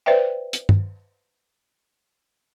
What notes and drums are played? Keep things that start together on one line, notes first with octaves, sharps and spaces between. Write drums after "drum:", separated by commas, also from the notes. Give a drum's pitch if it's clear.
B4 C5 D5 E5 G5
drum: hi-hat
drum: tom G2